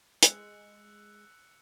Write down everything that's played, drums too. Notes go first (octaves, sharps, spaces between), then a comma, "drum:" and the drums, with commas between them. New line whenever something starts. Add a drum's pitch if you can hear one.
G#3 E6 F#6 C#7, drum: hi-hat